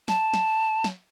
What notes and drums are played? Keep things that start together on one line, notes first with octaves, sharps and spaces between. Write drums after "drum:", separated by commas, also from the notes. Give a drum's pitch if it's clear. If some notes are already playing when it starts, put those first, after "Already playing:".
A5, drum: snare
drum: snare
drum: snare